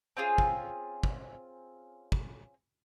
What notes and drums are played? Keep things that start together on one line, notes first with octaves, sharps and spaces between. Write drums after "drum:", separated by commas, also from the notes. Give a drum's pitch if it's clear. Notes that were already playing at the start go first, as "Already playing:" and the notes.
C4 C#4 F4 G#4
drum: kick
drum: kick
drum: kick